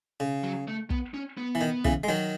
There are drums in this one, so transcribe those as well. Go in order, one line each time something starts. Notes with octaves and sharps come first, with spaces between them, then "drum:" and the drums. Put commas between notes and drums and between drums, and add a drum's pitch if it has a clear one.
C#3
F#3
A3
B3, drum: kick
C#4
B3
E3
D#3
C#3 E3, drum: kick
G#3
D#3 F#3